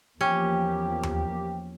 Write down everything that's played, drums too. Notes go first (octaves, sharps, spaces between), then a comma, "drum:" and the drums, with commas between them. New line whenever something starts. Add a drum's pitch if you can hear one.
E2 F3 A#3 C#4 G4 G5
drum: tom D#2